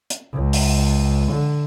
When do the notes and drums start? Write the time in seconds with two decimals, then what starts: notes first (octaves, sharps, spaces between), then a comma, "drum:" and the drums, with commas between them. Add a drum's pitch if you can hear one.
0.10 drum: hi-hat
0.33 C#2
0.53 drum: open hi-hat
1.33 D3